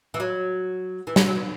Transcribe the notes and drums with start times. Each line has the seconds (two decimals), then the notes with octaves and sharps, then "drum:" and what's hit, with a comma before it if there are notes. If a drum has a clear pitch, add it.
0.14 E3
0.20 F#3
1.07 E3
1.16 F#3, drum: snare
1.26 F#3
1.36 B3